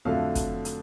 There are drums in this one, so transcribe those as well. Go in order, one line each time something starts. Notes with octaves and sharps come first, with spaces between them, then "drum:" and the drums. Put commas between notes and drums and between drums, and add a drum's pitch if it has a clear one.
F2 D3 F#3 A3 F5
drum: kick, hi-hat
drum: hi-hat